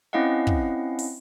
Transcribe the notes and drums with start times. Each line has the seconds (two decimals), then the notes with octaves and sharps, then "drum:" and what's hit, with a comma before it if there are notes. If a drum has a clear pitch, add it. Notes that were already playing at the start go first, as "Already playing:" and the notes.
0.13 C4 C#4 E4 D#5 F5 F#5
0.47 drum: kick
0.99 drum: open hi-hat